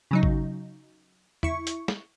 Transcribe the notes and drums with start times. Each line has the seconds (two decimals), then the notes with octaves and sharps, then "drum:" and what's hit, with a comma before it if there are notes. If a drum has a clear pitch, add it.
0.11 C#3 F#3 D#4
0.23 drum: kick
1.43 E4 C#6, drum: tom E2
1.67 drum: hi-hat
1.88 drum: snare